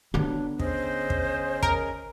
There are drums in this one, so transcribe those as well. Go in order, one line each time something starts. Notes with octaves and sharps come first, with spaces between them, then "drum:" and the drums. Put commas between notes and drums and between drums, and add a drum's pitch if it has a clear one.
D3 F#3 B3 D4
C#4 G#4 C5 D#5, drum: kick
drum: kick
A#4, drum: kick